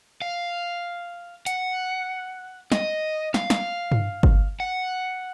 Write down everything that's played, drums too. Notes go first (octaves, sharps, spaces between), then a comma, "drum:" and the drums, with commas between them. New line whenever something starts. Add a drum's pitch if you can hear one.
F5
F#5, drum: hi-hat
D#5, drum: snare
F5, drum: snare
drum: snare
drum: tom G2
drum: kick G1
F#5